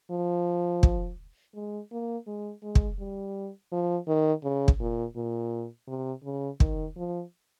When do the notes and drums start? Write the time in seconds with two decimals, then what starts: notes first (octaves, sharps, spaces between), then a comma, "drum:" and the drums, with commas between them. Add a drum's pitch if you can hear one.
0.11 F3
0.83 drum: kick
1.55 G#3
1.92 A#3
2.27 G#3
2.63 G#3
2.75 drum: kick
2.99 G3
3.72 F3
4.08 D#3
4.44 C#3
4.68 drum: kick
4.80 A#2
5.16 A#2
5.88 C3
6.24 C#3
6.60 D#3, drum: kick
6.97 F3